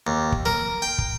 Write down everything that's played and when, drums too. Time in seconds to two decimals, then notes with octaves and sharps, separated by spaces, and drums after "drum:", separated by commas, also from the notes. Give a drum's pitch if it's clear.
0.07 D#2
0.32 drum: kick
0.45 A#4, drum: snare
0.82 G5
0.98 drum: kick